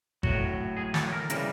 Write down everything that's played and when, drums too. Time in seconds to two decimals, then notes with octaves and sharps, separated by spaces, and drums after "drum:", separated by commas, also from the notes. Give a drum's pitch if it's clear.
0.23 A2 F#3 F#4, drum: kick G#1
0.77 G#4
0.94 A4, drum: snare
1.12 A#4
1.30 C#3 E3 G3 A#4, drum: hi-hat